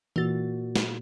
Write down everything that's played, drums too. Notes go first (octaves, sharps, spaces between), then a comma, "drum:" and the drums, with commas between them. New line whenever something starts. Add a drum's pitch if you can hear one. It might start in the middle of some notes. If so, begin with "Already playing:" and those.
A#2 E3 F#4 A6
drum: snare